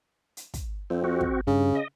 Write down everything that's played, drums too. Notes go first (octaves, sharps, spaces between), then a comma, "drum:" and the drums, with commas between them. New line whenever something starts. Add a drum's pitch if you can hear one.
drum: hi-hat
drum: kick, hi-hat
F2 C4
C4 F#4
drum: kick
G2 C#3
D#5